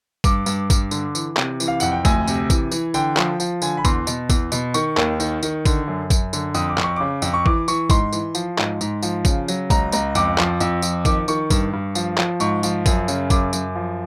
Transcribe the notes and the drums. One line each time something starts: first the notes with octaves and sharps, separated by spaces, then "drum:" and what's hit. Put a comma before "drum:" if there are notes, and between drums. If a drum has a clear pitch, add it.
G2 D6, drum: kick G#1, tambourine
G2, drum: tambourine
G2, drum: kick G#1, tambourine
D3, drum: tambourine
E3, drum: tambourine
C3, drum: clap
E3, drum: tambourine
F5
F2 F#5, drum: tambourine
G5
D2 G#5, drum: kick G#1, tambourine
C3, drum: tambourine
E3, drum: kick G#1, tambourine
E3, drum: tambourine
D3 G5, drum: tambourine
F3, drum: clap
F3, drum: tambourine
D3 G#5, drum: tambourine
B5
E2 C6, drum: kick G#1, tambourine
B2, drum: tambourine
E2, drum: kick G#1, tambourine
B2, drum: tambourine
D#3 C#6, drum: tambourine
D#2, drum: clap
D#3, drum: tambourine
D#3, drum: tambourine
D3, drum: kick G#1, tambourine
F#2
F#2, drum: kick G#1, tambourine
D3, drum: tambourine
F2 D#6, drum: tambourine
D6
F2, drum: clap
C#6
C#3 D6
F2, drum: tambourine
C#6
E3 D6, drum: kick G#1
E3 C#6, drum: tambourine
G#2 C6, drum: kick G#1, tambourine
E3, drum: tambourine
F3, drum: tambourine
G#2, drum: clap
G#2, drum: tambourine
F3, drum: tambourine
C#3, drum: kick G#1, tambourine
F#3, drum: tambourine
C#2 A#5, drum: kick G#1, tambourine
C#2 A#5, drum: tambourine
F2 D6, drum: tambourine
F3, drum: clap
F2, drum: tambourine
F3, drum: tambourine
D#3 D6, drum: kick G#1, tambourine
D#3 C#6, drum: tambourine
G2, drum: kick G#1, tambourine
G2
F3, drum: tambourine
F3, drum: clap
G#2 C#6, drum: tambourine
F3, drum: tambourine
F#2, drum: kick G#1, tambourine
C#3, drum: tambourine
F#2 D6, drum: kick G#1, tambourine
F#2, drum: tambourine
F3